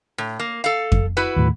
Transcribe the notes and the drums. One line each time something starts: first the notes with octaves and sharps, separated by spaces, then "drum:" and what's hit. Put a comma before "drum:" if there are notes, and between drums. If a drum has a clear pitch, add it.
A2
A#3
A4 F5
drum: kick F2
E4 F#4 B4
D#2 A2